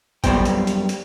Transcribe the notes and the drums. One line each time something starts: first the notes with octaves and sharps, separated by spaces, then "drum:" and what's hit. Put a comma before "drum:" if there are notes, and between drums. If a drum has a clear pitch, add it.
F#2 E3 G3 B3 C5 G5, drum: kick, hi-hat
drum: hi-hat
drum: hi-hat
drum: hi-hat